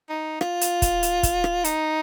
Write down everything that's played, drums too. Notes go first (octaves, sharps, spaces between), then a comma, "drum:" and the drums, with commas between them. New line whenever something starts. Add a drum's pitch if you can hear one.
D#4
F4, drum: rim click
drum: hi-hat
drum: kick, hi-hat
drum: hi-hat
drum: kick, hi-hat
drum: rim click
D#4, drum: hi-hat